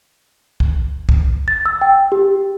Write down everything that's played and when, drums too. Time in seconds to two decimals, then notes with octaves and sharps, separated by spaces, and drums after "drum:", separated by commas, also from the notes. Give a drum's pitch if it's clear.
0.60 drum: kick
1.09 drum: kick
1.48 A6
1.66 E6
1.81 G5
2.12 G4